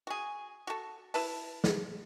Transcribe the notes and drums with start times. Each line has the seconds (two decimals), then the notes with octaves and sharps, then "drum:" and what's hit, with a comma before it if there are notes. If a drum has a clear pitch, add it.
0.07 F#4 G#4
0.67 F#4 A4
1.14 E4 B4 A5, drum: open hi-hat
1.64 drum: snare